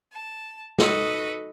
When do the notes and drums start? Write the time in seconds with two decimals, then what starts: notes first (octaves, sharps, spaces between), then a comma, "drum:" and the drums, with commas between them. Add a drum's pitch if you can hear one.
0.12 A5
0.79 D#4 F#4 A4 B4 D#5, drum: snare